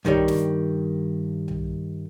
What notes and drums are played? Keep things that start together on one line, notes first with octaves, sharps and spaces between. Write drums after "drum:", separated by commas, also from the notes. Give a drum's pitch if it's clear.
G2 D#3 G3 C#5, drum: tom B1
drum: snare
drum: tom B1